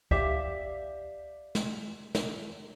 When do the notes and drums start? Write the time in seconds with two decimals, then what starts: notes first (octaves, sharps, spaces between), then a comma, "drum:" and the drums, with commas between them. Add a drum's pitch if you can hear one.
0.11 G4 D5 E5 F5, drum: kick
1.55 drum: snare
2.15 drum: snare